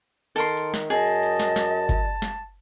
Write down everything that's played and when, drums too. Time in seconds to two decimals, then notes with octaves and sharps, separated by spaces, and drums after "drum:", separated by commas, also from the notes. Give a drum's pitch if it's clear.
0.36 D#3 A4 A#4 C6
0.57 drum: hi-hat
0.74 drum: snare
0.90 F#2 G#4 D#5 A5, drum: hi-hat
1.23 drum: hi-hat
1.40 drum: snare
1.56 drum: snare
1.89 drum: kick G1, hi-hat
2.22 drum: snare